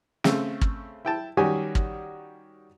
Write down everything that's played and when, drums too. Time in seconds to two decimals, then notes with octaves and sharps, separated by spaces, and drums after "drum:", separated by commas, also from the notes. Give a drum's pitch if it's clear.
0.24 C#3 A3 C4, drum: snare
0.61 drum: kick
1.05 E4 G5 A5
1.37 D#3 G3 C#4 F#4 G4 G#5
1.75 drum: kick